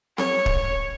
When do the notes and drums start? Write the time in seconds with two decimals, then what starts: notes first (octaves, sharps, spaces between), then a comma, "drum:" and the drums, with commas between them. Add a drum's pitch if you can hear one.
0.18 C#5, drum: snare C4
0.46 drum: kick